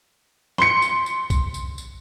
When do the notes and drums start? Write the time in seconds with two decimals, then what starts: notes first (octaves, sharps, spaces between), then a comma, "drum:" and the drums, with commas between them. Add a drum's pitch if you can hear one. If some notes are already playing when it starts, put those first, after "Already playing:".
0.58 C6 C#7, drum: snare
0.82 drum: tambourine
1.06 drum: tambourine
1.30 drum: kick, tambourine
1.54 drum: tambourine
1.78 drum: tambourine